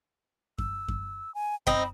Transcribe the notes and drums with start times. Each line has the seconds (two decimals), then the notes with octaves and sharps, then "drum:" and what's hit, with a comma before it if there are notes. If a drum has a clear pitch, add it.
0.58 E6, drum: kick F#2
0.88 drum: kick F#2
1.35 G#5
1.67 C4 D#4 B5, drum: kick F#2